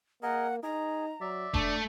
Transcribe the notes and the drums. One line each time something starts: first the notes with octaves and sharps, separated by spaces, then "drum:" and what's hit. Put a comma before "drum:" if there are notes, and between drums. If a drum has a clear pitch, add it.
A#3 G#4 A#4 D#5 F#5
D#4 G#4 A#5
F#3 D5 E5
A3 D4 A5, drum: kick E1